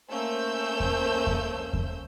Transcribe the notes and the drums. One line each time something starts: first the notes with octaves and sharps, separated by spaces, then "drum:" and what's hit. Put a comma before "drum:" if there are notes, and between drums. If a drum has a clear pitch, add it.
A3 A#3 C#4 C5 E6 G6
drum: kick E2
drum: kick E2
drum: kick E2